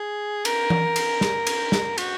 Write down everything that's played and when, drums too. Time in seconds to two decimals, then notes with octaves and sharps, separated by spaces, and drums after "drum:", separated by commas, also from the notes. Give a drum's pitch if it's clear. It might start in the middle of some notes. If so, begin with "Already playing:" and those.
Already playing: G#4
0.45 A#4, drum: cymbal
0.70 drum: tom E3
0.96 drum: cymbal
1.21 drum: snare
1.47 drum: cymbal
1.72 drum: snare
1.98 F#4, drum: cymbal